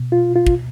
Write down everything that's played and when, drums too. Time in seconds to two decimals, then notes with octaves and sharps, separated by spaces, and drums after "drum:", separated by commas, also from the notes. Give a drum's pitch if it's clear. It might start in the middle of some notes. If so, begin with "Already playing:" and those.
Already playing: B2
0.12 F4
0.36 F4
0.47 drum: kick